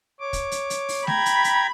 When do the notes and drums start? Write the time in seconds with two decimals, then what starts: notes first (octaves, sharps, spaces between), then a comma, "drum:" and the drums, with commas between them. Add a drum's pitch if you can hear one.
0.20 C#5 D6
0.33 drum: kick, hi-hat
0.52 drum: hi-hat
0.70 drum: hi-hat
0.89 drum: open hi-hat
1.07 G5 A#5 B5 G#6, drum: snare A3
1.26 drum: hi-hat
1.44 drum: hi-hat